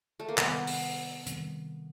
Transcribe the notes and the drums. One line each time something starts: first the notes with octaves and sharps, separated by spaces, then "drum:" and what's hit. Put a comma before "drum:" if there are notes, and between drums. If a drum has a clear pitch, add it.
A3
A#3
C3 D#3 G3 B3 C4, drum: clap
drum: open hi-hat
C3 D#3 G3 C4, drum: hi-hat